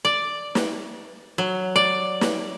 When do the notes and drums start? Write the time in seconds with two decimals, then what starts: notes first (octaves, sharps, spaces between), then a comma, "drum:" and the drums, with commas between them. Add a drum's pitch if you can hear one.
0.05 D5
0.55 drum: snare
1.38 F#3
1.76 D5
2.21 drum: snare